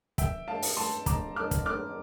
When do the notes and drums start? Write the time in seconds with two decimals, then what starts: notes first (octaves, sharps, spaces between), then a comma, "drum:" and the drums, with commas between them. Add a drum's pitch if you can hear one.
0.18 E5 G5, drum: kick, hi-hat
0.48 F5 A5
0.62 drum: open hi-hat
0.77 A5 C6
1.06 A#5 D6, drum: kick, hi-hat
1.36 D6 F6
1.51 drum: kick, hi-hat
1.66 D6 F6